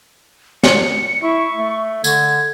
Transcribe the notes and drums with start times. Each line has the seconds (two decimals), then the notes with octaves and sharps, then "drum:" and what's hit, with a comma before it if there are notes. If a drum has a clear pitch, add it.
0.63 C#7, drum: snare
1.23 E4 C#6
1.56 A3
2.04 D3 G#6, drum: tambourine